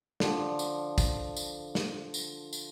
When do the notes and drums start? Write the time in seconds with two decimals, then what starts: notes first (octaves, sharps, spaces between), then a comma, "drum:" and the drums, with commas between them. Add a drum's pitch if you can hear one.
0.20 D3 F3 G5, drum: snare
0.59 drum: tambourine
0.98 drum: kick, tambourine
1.36 drum: tambourine
1.75 drum: snare
2.14 drum: tambourine
2.53 drum: tambourine